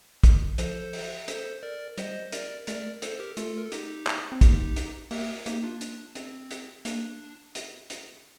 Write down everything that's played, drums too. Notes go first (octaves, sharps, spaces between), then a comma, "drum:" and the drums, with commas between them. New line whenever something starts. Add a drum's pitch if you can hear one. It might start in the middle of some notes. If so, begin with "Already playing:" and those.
drum: kick, hi-hat
F3 A4 C5, drum: hi-hat
drum: open hi-hat
A4 C5, drum: hi-hat
A#4 D5
G3 C5 D#5, drum: hi-hat
A#4 D5, drum: hi-hat
A3 A#4 D5, drum: hi-hat
A4 C5, drum: hi-hat
G4 A#4
A3 F4 A4, drum: hi-hat
A#4
A4
D#4 G4, drum: hi-hat
drum: clap
C4
A#3 D#4 G4, drum: kick, hi-hat
drum: hi-hat
A#3 G4 A#4, drum: open hi-hat
A#3 D#4 G4, drum: hi-hat
D4 F4
D4, drum: hi-hat
C4, drum: hi-hat
drum: hi-hat
A#3 D4, drum: hi-hat
drum: hi-hat
drum: hi-hat